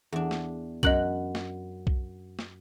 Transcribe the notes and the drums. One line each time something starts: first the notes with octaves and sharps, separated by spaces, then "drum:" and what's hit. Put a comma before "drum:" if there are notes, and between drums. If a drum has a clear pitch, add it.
E2 D4
drum: snare
F#2 D#5 F#6 F#7, drum: kick B1
drum: snare
drum: kick B1
drum: snare